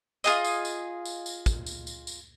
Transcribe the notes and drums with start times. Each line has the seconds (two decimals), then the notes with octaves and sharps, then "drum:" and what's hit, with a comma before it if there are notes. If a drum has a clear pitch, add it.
0.24 F4 G#4 D#5, drum: tambourine
0.44 drum: tambourine
0.65 drum: tambourine
1.05 drum: tambourine
1.26 drum: tambourine
1.46 drum: kick, tambourine
1.66 drum: tambourine
1.87 drum: tambourine
2.07 drum: tambourine